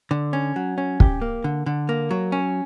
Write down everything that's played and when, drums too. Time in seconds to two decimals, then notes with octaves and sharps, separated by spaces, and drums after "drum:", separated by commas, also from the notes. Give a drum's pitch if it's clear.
0.11 D3
0.33 C#4
0.56 F#3
0.78 C#4
1.00 G4, drum: kick
1.21 A#3
1.44 D3
1.66 D3
1.89 A#3
2.11 F#3
2.32 C#4